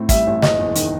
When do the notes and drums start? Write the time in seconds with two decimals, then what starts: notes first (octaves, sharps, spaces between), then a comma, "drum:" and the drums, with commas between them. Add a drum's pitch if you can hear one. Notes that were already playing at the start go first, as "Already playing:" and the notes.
Already playing: A2 C4
0.09 G3 E5, drum: kick, hi-hat
0.27 A1
0.42 F#1 D#5, drum: snare
0.59 E2
0.75 D#3, drum: hi-hat